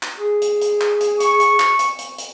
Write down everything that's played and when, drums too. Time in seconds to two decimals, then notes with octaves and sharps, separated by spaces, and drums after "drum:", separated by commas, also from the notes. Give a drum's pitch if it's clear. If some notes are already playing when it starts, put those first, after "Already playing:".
0.03 drum: clap
0.18 G#4
0.42 drum: hi-hat
0.62 drum: hi-hat
0.81 drum: clap
1.01 drum: hi-hat
1.20 C#6, drum: hi-hat
1.40 drum: hi-hat
1.60 drum: clap
1.79 drum: hi-hat
1.99 drum: hi-hat
2.18 drum: hi-hat